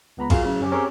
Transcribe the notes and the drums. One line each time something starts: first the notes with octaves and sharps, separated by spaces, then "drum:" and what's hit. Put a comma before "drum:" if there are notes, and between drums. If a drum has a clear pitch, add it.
C#2 B3 A#5 B5
F4 F#4 G#4 A#4 F5, drum: kick G#1, cymbal
A2 C#3 F#3
F#2 C#4 G4
C4 C#4 G4 G#4 A#4 C#5